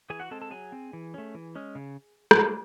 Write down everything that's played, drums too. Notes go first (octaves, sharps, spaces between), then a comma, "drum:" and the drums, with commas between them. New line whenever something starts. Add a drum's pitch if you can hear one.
E3 G#4 G#5
F#4 F#5
G#3 C4 A4 A5
A4 A5
F#3 G#4 G#5
C4
E3
A3 C#4
E3
G#3 C#4
C#3
drum: rim click